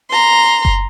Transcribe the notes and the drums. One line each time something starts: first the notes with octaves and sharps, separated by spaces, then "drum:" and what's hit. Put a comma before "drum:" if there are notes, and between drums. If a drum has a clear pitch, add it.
A#5 C6
drum: kick F#1